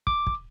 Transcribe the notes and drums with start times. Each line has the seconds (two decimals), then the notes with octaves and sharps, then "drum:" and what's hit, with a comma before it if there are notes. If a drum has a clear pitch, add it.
0.07 D6, drum: kick
0.27 drum: kick